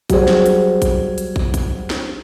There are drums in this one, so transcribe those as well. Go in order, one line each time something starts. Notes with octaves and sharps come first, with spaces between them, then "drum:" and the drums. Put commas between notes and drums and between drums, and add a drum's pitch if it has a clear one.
F#3 G3 G#4 C5, drum: kick, hi-hat
drum: snare
drum: hi-hat
drum: kick, hi-hat
drum: hi-hat
drum: kick
drum: kick, hi-hat
drum: snare